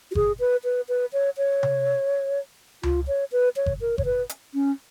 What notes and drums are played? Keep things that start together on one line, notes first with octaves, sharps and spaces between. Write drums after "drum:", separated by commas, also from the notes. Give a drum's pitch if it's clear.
F#4
G#4, drum: kick G1
B4
B4
B4
C#5
C#5
drum: tom C3
F4, drum: tom C#2
C#5
B4
C#5
drum: kick G1
A#4
C#5, drum: kick G1
B4
drum: hi-hat
C#4